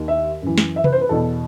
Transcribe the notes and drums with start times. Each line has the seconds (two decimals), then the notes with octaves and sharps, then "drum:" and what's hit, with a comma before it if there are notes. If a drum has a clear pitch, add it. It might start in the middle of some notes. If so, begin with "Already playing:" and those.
Already playing: D#2 D#3
0.08 E5
0.42 F#2 E3
0.58 drum: snare
0.76 E5
0.84 B4, drum: tom C3
0.92 C5
1.01 B4
1.09 E2 B2 A4